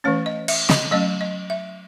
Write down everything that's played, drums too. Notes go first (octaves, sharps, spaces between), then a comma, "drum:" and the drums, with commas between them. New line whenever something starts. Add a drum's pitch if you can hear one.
E3 A3 C#4 C#5
D#5
E5, drum: cymbal
D#5, drum: snare
F#3 A3 C#4 D#5
D#5
E5